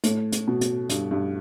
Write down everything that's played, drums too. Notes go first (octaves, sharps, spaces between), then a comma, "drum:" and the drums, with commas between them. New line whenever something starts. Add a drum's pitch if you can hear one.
A2, drum: hi-hat
drum: hi-hat
B2
drum: hi-hat
G2, drum: hi-hat
G2